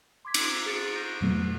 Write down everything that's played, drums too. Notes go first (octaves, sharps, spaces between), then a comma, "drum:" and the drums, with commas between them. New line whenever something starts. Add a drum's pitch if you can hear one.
C6 D6 G#6 B6
drum: cymbal
G#4 A6 C#7
G6 A#6
F2 B2 F#3 A3 B3